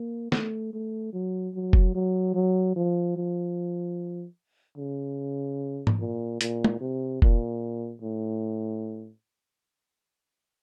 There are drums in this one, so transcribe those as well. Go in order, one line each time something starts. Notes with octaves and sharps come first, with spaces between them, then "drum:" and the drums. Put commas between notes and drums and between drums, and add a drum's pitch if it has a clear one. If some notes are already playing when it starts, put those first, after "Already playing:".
Already playing: A#3
A3, drum: snare
A3
F#3
F#3
drum: kick F1
F#3
F#3
F3
F3
C#3
drum: tom G#2
A#2
A#2, drum: hi-hat
drum: tom
C3
A#2, drum: kick F1
A2